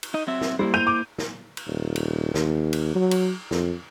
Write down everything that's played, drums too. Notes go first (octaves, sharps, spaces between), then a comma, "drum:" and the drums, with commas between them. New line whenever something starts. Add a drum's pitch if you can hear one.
drum: cymbal
D#4 D#5
F#3 C4 E5
drum: snare
G3 A#3 E4 C5
G6 D#7 F7
D6
drum: snare
drum: cymbal
D#1
drum: cymbal
D#2, drum: snare
drum: cymbal
F#3
drum: cymbal
F2, drum: snare